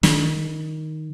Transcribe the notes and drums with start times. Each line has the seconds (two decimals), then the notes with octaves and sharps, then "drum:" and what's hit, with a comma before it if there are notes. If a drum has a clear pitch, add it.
0.03 D#3, drum: snare